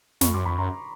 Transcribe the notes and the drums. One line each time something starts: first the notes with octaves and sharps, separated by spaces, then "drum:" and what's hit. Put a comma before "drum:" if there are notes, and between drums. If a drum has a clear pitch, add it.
F2 B5 C#6, drum: snare
F#2 C6 D6
F2 B5 C#6
F#2 A#5 C6